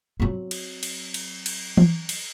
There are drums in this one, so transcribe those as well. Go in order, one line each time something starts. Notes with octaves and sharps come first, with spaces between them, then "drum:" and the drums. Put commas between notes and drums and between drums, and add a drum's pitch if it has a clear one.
F#3 C4
drum: cymbal
drum: cymbal
drum: cymbal
drum: cymbal
drum: tom E3
drum: cymbal